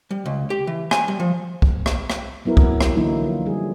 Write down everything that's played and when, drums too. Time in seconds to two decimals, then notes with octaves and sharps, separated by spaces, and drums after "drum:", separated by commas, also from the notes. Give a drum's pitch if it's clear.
0.11 G3
0.26 C#2
0.50 G4
0.67 E3
0.91 G#5, drum: rim click
1.08 G3
1.20 F3
1.62 drum: kick
1.86 drum: rim click
2.10 drum: rim click
2.45 F#3 B3 E4 A#4 B4
2.57 drum: kick
2.81 drum: rim click
2.96 D3 E3 F#3 A#3 D#4 E4
3.22 F3 F4
3.46 F#3 G3 G#4